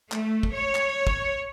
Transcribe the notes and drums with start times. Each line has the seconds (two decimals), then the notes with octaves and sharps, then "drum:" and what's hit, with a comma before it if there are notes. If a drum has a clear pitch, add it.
0.12 A3, drum: clap
0.43 drum: kick
0.53 C#5
0.75 drum: clap
1.07 drum: kick